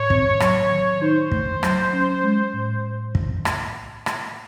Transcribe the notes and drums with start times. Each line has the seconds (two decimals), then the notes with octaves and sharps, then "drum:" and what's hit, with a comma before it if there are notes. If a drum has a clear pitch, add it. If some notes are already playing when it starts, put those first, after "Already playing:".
Already playing: A2 C#5
0.10 C4, drum: kick
0.40 F#3, drum: rim click
0.72 D#3
1.01 D#4 C5
1.32 A3, drum: kick
1.63 F#3, drum: rim click
1.93 C#4
2.24 G#3
2.53 A2
3.15 drum: kick
3.45 drum: rim click
4.06 drum: rim click